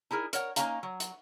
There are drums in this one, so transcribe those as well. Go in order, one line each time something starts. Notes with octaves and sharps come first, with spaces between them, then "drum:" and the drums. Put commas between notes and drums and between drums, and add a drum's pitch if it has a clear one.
D#4 E4 G#4 A#4
A#4 C#5 F#5, drum: hi-hat
A#3 C#4 D#4 F5 A#5, drum: hi-hat
F#3
drum: hi-hat